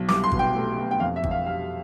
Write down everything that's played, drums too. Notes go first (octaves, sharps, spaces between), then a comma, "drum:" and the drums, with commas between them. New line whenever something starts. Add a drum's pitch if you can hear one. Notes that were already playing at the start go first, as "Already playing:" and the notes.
Already playing: B1
C2 D6, drum: snare
C6
B2, drum: kick G#1
G5
A3
B2
G5
F2 F5
E5
F2, drum: kick G#1
F5
C3 F5